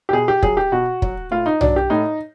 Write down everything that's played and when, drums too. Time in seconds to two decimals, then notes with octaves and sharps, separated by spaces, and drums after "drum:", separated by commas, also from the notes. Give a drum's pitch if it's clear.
0.09 G4
0.13 B2 G#4
0.28 G4
0.43 F#3 G#4, drum: kick
0.57 G4
0.72 B2 F#4
1.02 F#3, drum: kick
1.31 A2 F4
1.46 D#4
1.61 F#3 D4, drum: tom
1.76 G4
1.90 A2 D#4